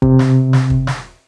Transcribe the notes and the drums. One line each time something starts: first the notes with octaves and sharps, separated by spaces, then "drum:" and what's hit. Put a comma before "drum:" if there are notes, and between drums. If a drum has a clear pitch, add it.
C3, drum: kick
drum: snare
drum: snare
drum: kick
drum: snare